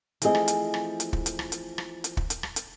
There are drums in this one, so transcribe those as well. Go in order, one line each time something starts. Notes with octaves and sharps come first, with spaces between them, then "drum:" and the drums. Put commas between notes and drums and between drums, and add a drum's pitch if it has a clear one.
E3 F3 A3 C4 G#4 D#5, drum: hi-hat
drum: rim click
drum: hi-hat
drum: rim click
drum: hi-hat
drum: kick
drum: hi-hat
drum: rim click
drum: hi-hat
drum: rim click
drum: hi-hat
drum: kick
drum: hi-hat
drum: rim click
drum: hi-hat